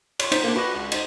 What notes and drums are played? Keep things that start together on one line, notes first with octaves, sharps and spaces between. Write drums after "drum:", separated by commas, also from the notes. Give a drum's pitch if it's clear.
C#5 C6, drum: cymbal
D#4 C5 B6, drum: cymbal
A#3 D4
D4 F#4 B4 A#6
C#2
D#4 C5, drum: cymbal